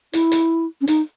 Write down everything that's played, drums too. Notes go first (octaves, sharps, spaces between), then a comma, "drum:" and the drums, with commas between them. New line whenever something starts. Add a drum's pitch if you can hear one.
E4, drum: hi-hat
drum: hi-hat
C#4
D#4, drum: hi-hat